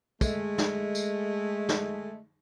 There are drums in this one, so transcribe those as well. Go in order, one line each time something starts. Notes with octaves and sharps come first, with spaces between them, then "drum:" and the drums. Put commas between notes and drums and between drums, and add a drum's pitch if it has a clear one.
G#3 A3, drum: kick, tambourine
drum: snare
drum: tambourine
drum: snare